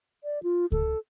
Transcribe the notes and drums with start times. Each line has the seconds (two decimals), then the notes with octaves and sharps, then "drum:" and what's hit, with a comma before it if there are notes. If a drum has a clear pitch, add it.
0.24 D5
0.43 F4
0.72 A4, drum: kick C#2